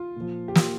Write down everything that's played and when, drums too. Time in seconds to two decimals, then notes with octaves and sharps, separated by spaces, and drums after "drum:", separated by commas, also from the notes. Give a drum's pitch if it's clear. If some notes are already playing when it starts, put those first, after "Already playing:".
Already playing: F4
0.16 A#2 F3
0.48 G4
0.55 F4, drum: snare